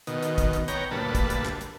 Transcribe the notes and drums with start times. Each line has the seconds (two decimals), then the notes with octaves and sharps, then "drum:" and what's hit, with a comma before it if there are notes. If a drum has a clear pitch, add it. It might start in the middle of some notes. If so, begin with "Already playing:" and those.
0.07 B2 D#3, drum: hi-hat
0.23 drum: hi-hat
0.38 drum: kick, hi-hat
0.53 drum: hi-hat
0.68 B3 C#5 G5 A#5, drum: hi-hat
0.91 D2 G2 A#2 B4 A5
1.15 drum: kick, hi-hat
1.30 drum: hi-hat
1.45 drum: clap
1.61 drum: hi-hat